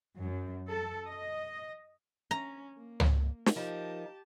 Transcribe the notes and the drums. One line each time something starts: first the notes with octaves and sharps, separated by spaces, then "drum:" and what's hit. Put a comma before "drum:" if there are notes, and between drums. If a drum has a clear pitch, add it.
F#2
A4
D#5
C#4 A#5
A#3
drum: tom C#2
drum: snare
F3 D#4 G4 A#4 A5